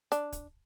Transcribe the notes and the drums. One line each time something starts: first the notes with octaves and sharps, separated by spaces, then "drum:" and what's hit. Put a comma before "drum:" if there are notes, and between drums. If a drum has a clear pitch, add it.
D4, drum: hi-hat
drum: kick, hi-hat